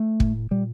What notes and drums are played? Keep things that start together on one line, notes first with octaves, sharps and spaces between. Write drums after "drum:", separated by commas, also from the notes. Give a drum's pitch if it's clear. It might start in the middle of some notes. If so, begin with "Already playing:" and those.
Already playing: A3
A2, drum: kick
A#2 G3